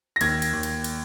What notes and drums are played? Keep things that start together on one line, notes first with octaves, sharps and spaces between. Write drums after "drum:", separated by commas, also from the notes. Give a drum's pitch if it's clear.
A#6
D#2 G#6, drum: cymbal
drum: cymbal
D#2
drum: cymbal
drum: cymbal